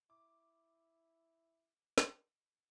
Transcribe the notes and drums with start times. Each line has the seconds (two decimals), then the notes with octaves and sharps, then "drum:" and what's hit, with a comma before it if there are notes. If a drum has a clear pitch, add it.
0.10 E4 D6
1.98 drum: snare